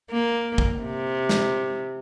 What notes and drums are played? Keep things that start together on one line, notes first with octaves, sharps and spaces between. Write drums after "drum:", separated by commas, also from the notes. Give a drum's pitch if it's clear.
A#3
drum: kick
C3
drum: snare